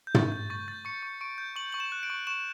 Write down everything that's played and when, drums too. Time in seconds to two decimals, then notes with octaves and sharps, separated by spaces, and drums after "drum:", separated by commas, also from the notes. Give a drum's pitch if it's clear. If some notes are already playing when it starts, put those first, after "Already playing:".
0.07 G6
0.14 C#6 A6, drum: tom
0.32 G6
0.50 C#6 A6
0.68 G6 A6
0.85 C#6 C#7
1.03 C#6
1.21 C#6 D7
1.38 G6
1.56 C#6 F#7
1.72 C#6 F#7
1.80 E7
1.92 F#6
2.03 D7
2.10 C#6
2.27 C#6 E7